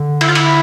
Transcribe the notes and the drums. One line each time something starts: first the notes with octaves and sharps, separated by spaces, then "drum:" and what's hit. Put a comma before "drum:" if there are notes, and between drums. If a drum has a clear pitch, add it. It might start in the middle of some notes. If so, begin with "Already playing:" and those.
Already playing: D3
E4, drum: cymbal
F4
E4, drum: cymbal